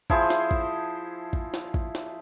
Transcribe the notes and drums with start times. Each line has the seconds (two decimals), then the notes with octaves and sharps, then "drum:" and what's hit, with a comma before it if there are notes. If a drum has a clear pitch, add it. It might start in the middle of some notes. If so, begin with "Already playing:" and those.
0.10 F3 E4 G#4 C5, drum: kick
0.30 drum: snare
0.51 drum: kick
1.33 drum: kick
1.54 drum: snare
1.74 drum: kick
1.95 drum: snare